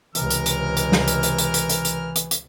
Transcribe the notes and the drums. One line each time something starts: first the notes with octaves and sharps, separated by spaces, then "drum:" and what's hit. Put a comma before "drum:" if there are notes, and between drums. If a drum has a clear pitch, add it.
C#2 C3 E3 A#4 F6, drum: hi-hat
drum: hi-hat
drum: hi-hat
drum: hi-hat
drum: snare
drum: hi-hat
drum: hi-hat
drum: hi-hat
drum: hi-hat
drum: hi-hat
drum: hi-hat
drum: hi-hat
drum: hi-hat